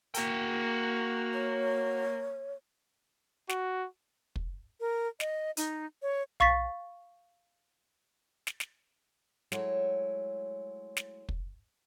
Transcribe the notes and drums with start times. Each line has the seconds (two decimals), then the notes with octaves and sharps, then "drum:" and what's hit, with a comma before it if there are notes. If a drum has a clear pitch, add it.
0.14 A#3 F#4 G5, drum: hi-hat
1.34 C#5
3.49 F#4, drum: snare
4.36 drum: kick
4.80 A#4
5.20 D#5, drum: snare
5.57 D#4, drum: hi-hat
6.02 C#5
6.40 F5 C#6 A6 B6, drum: tom B1
8.47 drum: snare
8.60 drum: snare
9.52 F#3 G#3 A3 E4 C#5, drum: snare
10.97 drum: snare
11.29 drum: kick